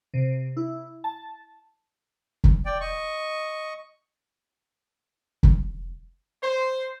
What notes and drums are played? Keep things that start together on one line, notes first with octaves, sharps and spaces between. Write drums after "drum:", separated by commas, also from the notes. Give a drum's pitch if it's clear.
C3
E4
A5
drum: kick
D5 G5
D#5 C#6
drum: kick
C5